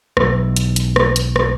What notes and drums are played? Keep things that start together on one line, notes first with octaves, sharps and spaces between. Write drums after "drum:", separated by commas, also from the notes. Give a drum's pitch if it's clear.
B1 E2, drum: rim click
drum: hi-hat
drum: hi-hat
drum: rim click
drum: hi-hat
drum: rim click